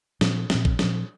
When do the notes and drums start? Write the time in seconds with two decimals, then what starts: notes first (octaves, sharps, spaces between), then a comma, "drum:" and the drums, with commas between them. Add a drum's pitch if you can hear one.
0.21 A#2 F3 C4, drum: snare
0.50 A#2 F3 C4, drum: snare
0.65 drum: kick A#1
0.79 A#2 F3 C4, drum: snare